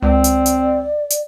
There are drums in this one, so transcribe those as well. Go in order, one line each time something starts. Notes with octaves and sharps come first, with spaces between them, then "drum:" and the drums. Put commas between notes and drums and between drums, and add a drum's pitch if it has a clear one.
C#2 C4 D5
drum: hi-hat
drum: hi-hat
drum: hi-hat